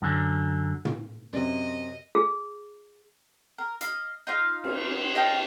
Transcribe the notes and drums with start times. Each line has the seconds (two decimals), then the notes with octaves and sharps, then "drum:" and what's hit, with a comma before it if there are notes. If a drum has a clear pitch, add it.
0.02 F#2 D3
0.85 drum: tom
1.33 F#2 C3 D#5
2.15 G#4
3.58 A#4
3.81 D#5 F5, drum: hi-hat
4.27 D#4 F4 F5
4.64 drum: cymbal
5.15 D#5 F5 G5 A5